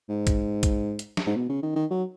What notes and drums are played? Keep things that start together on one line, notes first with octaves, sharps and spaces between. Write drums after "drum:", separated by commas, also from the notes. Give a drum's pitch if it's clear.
G#2
drum: kick, hi-hat
drum: kick, hi-hat
drum: hi-hat
drum: snare
G#2
B2
C#3
D#3
D#3
F#3